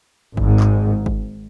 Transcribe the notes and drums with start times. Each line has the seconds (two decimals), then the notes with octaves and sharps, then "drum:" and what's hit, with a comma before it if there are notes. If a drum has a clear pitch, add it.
0.37 G#1 G#2, drum: kick G1
0.60 drum: clap
1.06 drum: kick G1